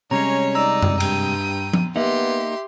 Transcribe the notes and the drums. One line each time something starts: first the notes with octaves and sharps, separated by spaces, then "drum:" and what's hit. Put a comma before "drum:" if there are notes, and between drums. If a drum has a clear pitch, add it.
C3 G3 G#3 C#4 C#5 A#5
D#4 D5 A#5 E6
drum: tom F#2
G2 G5 D#7, drum: cymbal
drum: tom F3
A#3 B3 D#4 G4 E5 C6